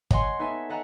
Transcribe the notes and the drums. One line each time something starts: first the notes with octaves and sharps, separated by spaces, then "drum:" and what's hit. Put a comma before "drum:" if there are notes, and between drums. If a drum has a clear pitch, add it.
C#5 D#5 F#5 G#5 C6, drum: kick
B3 D#4 A4 E5 G#5
A4 D#5 F#5 G#5 A#5